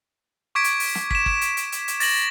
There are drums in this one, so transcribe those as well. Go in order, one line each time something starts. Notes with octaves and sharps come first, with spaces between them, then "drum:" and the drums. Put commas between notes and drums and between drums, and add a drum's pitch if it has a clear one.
C#6 D6 G#6 B6 D7
drum: hi-hat
drum: open hi-hat
drum: snare
B6 E7, drum: kick
drum: kick
drum: hi-hat
drum: hi-hat
drum: hi-hat
drum: hi-hat
A6 A#6 F#7, drum: open hi-hat